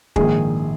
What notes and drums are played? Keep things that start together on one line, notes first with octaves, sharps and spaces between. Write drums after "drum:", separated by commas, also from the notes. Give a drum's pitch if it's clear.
A#1 G#2 D#3 G#4, drum: kick